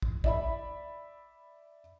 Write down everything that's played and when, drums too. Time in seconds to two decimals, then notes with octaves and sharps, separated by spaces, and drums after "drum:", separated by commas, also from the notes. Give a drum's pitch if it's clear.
0.02 drum: kick
0.24 D5 E5 B5, drum: kick